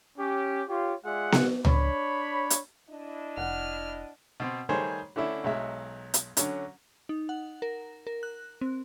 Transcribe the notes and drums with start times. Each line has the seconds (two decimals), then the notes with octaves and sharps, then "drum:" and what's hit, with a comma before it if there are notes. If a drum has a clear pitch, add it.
0.18 C#4 G4
0.68 F4 G4 C#5
1.04 G#3 F4 G#4 D5 E5 F#5
1.32 drum: snare B3
1.65 D4 C#5 B5, drum: tom C#2
2.50 drum: hi-hat
2.89 D4 E4 D#5
3.37 F1 F#5 F6
4.40 B2 C4
4.69 D#3 G3 A3 G#4 C5 C#5
5.16 D3 A3 C#4 D4 E4
5.44 B1 F#3 G#3 E5
6.14 drum: hi-hat
6.37 D3 F#3 C#4, drum: hi-hat
7.09 D#4
7.29 F#5
7.62 A#4
8.07 A#4
8.23 F#6
8.61 C4